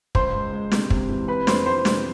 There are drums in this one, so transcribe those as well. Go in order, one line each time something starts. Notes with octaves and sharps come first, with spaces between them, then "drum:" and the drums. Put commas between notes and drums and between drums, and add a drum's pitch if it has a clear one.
C#2 C5 C6, drum: kick
G#3
G#3
C3, drum: snare
C3, drum: kick
E3
C3 B4 B5
F2 C5 C6, drum: snare
E3 C5 C6
C3, drum: snare